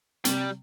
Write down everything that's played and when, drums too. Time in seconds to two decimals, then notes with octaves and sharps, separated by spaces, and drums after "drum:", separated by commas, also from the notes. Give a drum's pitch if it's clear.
0.25 C3 G3, drum: hi-hat